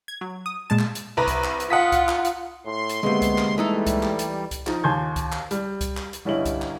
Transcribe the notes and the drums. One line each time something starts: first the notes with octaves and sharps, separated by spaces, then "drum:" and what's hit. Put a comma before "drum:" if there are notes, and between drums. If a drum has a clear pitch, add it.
G#6
F#3
D#6
A#2 G#3 A5
drum: clap
drum: hi-hat
C2 B4 A#5
drum: kick C2, hi-hat
drum: clap
drum: hi-hat
F4 F#5 D#6 B6
drum: kick C2, hi-hat
drum: clap
drum: hi-hat
A2 C6
drum: hi-hat
D2 C3 G#3 A#3 B3
drum: kick C2, hi-hat
drum: clap
E3 G3 A3 D#4 A4
drum: kick C2, hi-hat
drum: clap
drum: hi-hat
drum: kick C2, hi-hat
F3 D#4, drum: clap
D#2 G#5 A5 C6 G6 G#6
drum: kick C2, hi-hat
drum: clap
G3, drum: hi-hat
drum: kick C2, hi-hat
drum: clap
drum: hi-hat
G1 G3 C#4 E4 D#5 F#7
drum: kick C2, hi-hat
drum: clap